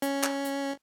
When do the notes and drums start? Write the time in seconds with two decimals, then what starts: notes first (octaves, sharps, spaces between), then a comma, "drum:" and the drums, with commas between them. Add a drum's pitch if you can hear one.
0.02 C#4, drum: hi-hat
0.23 drum: clap
0.45 drum: hi-hat